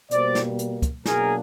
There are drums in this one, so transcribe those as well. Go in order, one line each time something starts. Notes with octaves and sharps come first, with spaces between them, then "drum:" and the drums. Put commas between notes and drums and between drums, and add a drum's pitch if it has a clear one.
B2 G3 A#3 C5 D5, drum: hi-hat
drum: snare
drum: hi-hat
drum: kick, hi-hat
B2 F#3 A#3 D4 G#4 A#4, drum: snare